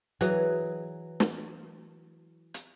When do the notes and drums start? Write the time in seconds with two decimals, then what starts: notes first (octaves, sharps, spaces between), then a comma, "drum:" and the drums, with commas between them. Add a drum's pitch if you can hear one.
0.21 E3 F#3 G#4, drum: hi-hat
1.20 drum: snare
2.54 drum: hi-hat